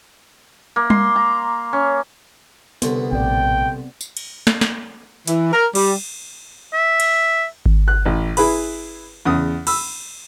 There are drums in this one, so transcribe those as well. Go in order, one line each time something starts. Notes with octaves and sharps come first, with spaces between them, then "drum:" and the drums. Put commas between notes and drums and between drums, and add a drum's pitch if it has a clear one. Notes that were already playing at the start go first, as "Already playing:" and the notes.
A#3
C6, drum: tom G3
A#5
C#4
C2 D3 B3, drum: hi-hat
A#1 A2 C4 D5 G5
drum: tambourine
drum: cymbal
drum: snare
drum: snare
E3, drum: hi-hat
A#4
G3, drum: cymbal
E5
drum: cymbal
drum: kick G#1
F#6
A1
E4 G#4 B4 B5, drum: cymbal
E2 C#3 D#6
B5 E6, drum: cymbal